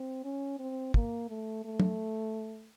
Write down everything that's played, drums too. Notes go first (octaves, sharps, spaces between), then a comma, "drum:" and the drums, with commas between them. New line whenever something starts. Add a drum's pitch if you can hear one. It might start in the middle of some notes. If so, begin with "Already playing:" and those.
Already playing: C4
C#4
C4
A#3, drum: kick
A3
A3
drum: tom